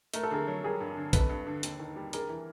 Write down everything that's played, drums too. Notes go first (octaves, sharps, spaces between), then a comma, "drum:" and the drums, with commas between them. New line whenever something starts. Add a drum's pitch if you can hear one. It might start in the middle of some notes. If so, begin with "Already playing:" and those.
A3 A#4, drum: hi-hat
A4
D3 G#4 A#4
F#3
G3 G#4 A#4
G2
D3
G#1 A4 B4, drum: kick B1, hi-hat
G2
D3
D#2, drum: hi-hat
D#3
G3
D4 G#4 A#4, drum: hi-hat
E3